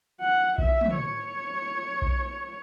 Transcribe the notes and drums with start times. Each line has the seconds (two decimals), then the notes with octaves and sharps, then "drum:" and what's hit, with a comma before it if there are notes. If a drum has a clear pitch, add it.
0.21 F#5
0.58 E5, drum: kick B1
0.81 drum: tom
0.94 C#5
2.02 drum: kick B1